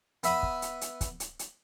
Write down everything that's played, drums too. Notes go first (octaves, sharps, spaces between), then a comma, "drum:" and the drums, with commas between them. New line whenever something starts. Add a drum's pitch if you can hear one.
B3 E5 B5 D#6, drum: hi-hat
drum: kick
drum: hi-hat
drum: hi-hat
drum: kick, hi-hat
drum: hi-hat
drum: hi-hat